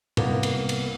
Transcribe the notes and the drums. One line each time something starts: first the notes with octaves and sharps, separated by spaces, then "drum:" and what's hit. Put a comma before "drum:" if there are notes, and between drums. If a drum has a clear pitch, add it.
C2 A#3 B3, drum: tom G#2
drum: cymbal
drum: cymbal